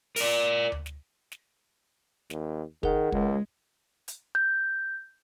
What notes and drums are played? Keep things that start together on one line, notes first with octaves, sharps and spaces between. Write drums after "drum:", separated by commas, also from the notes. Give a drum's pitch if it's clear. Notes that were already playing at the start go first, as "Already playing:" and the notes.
A#4 D5, drum: open hi-hat
drum: tom D2
drum: snare
drum: snare
D#2, drum: snare
D#3 G#4 A#4 F#5, drum: kick
C#2 G#3, drum: kick
drum: hi-hat
G6